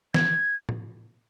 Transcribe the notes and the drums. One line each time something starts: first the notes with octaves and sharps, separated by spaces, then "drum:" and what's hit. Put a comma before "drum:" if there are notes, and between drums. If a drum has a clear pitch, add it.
G#6, drum: snare E3
drum: tom A2